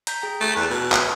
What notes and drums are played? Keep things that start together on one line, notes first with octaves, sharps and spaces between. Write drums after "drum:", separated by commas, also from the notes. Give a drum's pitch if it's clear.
A#5 G6 B6, drum: hi-hat
G#4 G5 A#5
A3
E2 F#6
B2
drum: clap